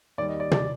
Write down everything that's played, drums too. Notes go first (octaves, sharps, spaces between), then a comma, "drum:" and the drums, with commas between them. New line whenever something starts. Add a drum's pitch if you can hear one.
D#2 D#3 G3 D5
D#5
D5
D5, drum: tom